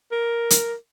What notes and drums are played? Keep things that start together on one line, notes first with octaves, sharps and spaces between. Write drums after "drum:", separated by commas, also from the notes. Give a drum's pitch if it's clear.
A#4
drum: hi-hat